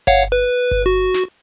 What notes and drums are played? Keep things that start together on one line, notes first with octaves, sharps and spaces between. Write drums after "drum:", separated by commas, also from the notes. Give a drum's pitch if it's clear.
C#5 F5 F#5, drum: kick G1
B4
drum: kick G1, hi-hat
F#4
drum: snare